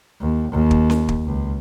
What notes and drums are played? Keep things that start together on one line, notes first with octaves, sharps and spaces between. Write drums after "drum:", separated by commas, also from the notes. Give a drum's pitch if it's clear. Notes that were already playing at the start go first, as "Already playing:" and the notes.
D#2
D#2
drum: kick
drum: snare C#4
drum: kick
C#2